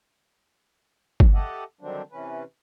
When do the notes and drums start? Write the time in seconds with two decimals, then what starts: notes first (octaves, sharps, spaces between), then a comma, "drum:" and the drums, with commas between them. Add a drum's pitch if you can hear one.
1.20 drum: kick G1
1.34 G4 A4 D#5 E5 F#5
1.81 D3 D#3 F#3 G3 C4 D4
2.11 C3 E3 C#4 B4